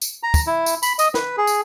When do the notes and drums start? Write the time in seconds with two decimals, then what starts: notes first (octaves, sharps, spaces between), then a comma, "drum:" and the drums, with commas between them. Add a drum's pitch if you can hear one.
0.02 drum: tambourine
0.23 A#5
0.34 drum: kick, tambourine
0.47 E4
0.66 drum: tambourine
0.83 B5, drum: tambourine
0.99 D#5, drum: tambourine
1.14 B4, drum: snare
1.37 G#4
1.47 drum: tambourine